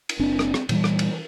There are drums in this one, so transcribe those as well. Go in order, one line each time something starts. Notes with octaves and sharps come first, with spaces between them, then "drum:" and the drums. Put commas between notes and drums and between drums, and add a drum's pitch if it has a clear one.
drum: cymbal
F#1 C4 D4
drum: rim click
drum: rim click
A#2 E3 G3, drum: cymbal
drum: rim click
drum: cymbal